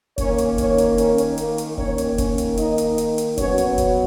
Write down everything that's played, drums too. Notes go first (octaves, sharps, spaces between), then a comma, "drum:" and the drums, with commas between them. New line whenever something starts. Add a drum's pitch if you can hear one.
D#3 A#3 C#4 C#5, drum: kick, hi-hat
drum: hi-hat
C#4 C#5, drum: kick, hi-hat
drum: hi-hat
C#4 C#5, drum: hi-hat
drum: hi-hat
A#3 A#4, drum: hi-hat
drum: hi-hat
D#3 A#3 C#4 C#5, drum: kick
drum: hi-hat
C#4 C#5, drum: kick, hi-hat
drum: hi-hat
D#4 D#5, drum: hi-hat
drum: hi-hat
drum: hi-hat
drum: hi-hat
B2 F#3 B3 C#4 C#5, drum: kick, hi-hat
drum: hi-hat
drum: kick, hi-hat